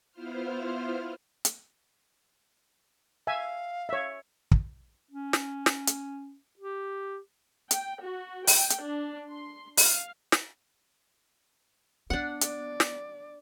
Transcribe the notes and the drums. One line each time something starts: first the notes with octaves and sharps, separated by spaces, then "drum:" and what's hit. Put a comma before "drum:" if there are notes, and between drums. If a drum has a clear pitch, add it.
B3 E4 F4 C5 F6
drum: hi-hat
E5 F5 G#5
C#5 E5
drum: kick
C#4
drum: snare
drum: snare
drum: hi-hat
G4
G5, drum: hi-hat
F#4
G5, drum: open hi-hat
drum: hi-hat
D4
C6
F5, drum: open hi-hat
drum: snare
B3 D4 F#5
D5, drum: hi-hat
drum: snare